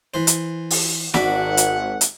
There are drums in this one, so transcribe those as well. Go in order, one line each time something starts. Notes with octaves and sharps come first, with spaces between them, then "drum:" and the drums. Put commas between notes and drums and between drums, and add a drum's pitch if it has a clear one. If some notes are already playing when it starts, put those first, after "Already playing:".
E3 C5
drum: hi-hat
drum: open hi-hat
G#1 F#4 D5 E5 F#5, drum: snare
drum: hi-hat
drum: hi-hat